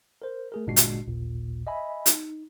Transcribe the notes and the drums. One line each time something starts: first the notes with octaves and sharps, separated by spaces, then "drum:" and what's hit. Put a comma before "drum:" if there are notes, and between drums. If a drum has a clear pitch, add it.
A#4 C5
A3 G#4 A#4
G1 A#2 G#3 D4 F#4 C7
drum: hi-hat
A1 D#2 A#2
D#5 E5 G#5 B5
D#4, drum: hi-hat